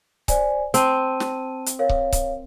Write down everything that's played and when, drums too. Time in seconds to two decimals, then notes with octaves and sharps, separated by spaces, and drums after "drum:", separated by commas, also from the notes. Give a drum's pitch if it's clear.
0.28 C5 D5 G#5, drum: kick C#1, hi-hat
0.74 C4 A5 D#7, drum: hi-hat
1.20 drum: snare
1.66 drum: hi-hat
1.79 A#4 C#5 F5
1.89 drum: kick C#1
2.12 drum: kick C#1, hi-hat